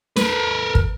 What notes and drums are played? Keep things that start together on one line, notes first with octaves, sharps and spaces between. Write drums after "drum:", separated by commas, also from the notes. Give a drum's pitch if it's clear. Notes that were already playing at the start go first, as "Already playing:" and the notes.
A#4 B4, drum: snare
drum: kick